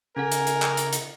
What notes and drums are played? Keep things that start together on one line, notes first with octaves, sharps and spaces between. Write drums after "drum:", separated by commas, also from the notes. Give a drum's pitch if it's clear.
C#3 C#4 A4 A#4 F#5 G#5
drum: hi-hat
drum: hi-hat
drum: clap
drum: hi-hat
drum: hi-hat